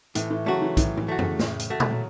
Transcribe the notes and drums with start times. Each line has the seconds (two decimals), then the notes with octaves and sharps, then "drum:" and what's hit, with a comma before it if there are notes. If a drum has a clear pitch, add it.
0.15 A2 E3 A3, drum: hi-hat
0.31 E3 A3
0.46 C#3 F#3 A3 F#4
0.62 E3
0.77 A2 E3, drum: kick, hi-hat
0.97 E3, drum: tom
1.08 A3 F#4
1.19 C#3, drum: tom F2
1.39 A2, drum: snare
1.59 drum: hi-hat
1.70 A3 F#4
1.80 drum: tom A#2
1.91 F#3